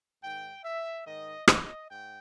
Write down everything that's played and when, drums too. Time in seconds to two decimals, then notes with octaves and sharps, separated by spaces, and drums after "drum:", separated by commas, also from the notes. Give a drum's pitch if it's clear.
0.23 G#2 D#3 G5
0.64 E5
1.06 G#2 D#3 D#5
1.48 D#5, drum: rim click
1.89 G#2 G5